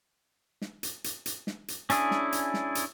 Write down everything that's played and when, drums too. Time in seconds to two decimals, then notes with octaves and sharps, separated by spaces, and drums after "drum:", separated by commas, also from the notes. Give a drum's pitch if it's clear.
0.62 drum: snare
0.83 drum: hi-hat
1.04 drum: hi-hat
1.26 drum: hi-hat
1.47 drum: snare
1.68 drum: hi-hat
1.90 C#4 D4 E4 G#4, drum: hi-hat
2.11 drum: snare
2.32 drum: hi-hat
2.54 drum: snare
2.75 drum: hi-hat